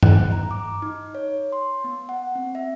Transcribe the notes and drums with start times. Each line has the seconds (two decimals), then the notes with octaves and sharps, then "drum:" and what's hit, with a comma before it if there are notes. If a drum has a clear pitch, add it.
0.03 F#6, drum: tom G2
0.32 A#5
0.51 D6
0.82 D#4
1.15 C#5
1.52 C6
1.84 B3
2.09 F#5
2.35 C4
2.55 E5